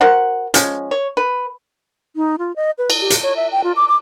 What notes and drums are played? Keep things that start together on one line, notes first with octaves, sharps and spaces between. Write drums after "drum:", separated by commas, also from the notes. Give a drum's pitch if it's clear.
F#4 A#4 C5 F#5
F3 G#3 C#4, drum: hi-hat
C#5
B4
D#4
F4
D#5
B4
drum: cymbal
G4
drum: hi-hat
C#5
E5
G5
F4
D6
D6